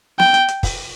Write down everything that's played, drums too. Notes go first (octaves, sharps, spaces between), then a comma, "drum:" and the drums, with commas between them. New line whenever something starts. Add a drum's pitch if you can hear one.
G5, drum: snare B3
drum: hi-hat
drum: hi-hat
drum: kick, open hi-hat